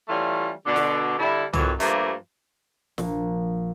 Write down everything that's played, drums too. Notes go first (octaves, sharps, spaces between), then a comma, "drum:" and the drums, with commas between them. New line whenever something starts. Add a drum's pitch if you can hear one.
E3 G3 A3 C#4 F4
B2 D3
drum: snare
D3 G3 E4
F2 D#3 E3 F#3, drum: tom
G2 F3 G3 A3 A#3, drum: hi-hat
A#1, drum: snare